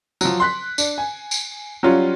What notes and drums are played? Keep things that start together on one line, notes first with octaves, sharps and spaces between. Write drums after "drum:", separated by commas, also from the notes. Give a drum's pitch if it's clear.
F3 F#3, drum: tambourine
C6 F#6 B6
D4, drum: tambourine
G#5
drum: tambourine
F#3 G3 C#4 F4